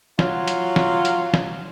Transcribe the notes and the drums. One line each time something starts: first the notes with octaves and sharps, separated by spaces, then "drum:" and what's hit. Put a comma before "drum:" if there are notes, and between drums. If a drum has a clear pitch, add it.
F#3 F4, drum: snare
drum: hi-hat
drum: snare
drum: hi-hat
drum: snare